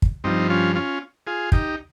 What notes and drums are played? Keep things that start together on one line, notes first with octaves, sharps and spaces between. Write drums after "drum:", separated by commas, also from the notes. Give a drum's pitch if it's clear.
drum: kick
G2 F3 C4 D#4
C#4 F4
C#4 F4
F4 G#4
D#4 G4, drum: kick